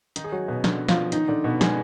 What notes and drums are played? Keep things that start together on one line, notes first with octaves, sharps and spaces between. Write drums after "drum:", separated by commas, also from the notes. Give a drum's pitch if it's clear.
D#3 D#4, drum: hi-hat
G#4
F#3 F#4
B2 B3
D3 D4, drum: snare
F3 F4, drum: snare
D#3 D#4, drum: hi-hat
D3 D4
B2 B3
G#3 G#4, drum: snare